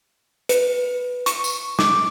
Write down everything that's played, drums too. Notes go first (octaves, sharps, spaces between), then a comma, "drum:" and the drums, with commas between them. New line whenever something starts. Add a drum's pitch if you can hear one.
B4, drum: hi-hat
C#6, drum: hi-hat
drum: tambourine
D6, drum: snare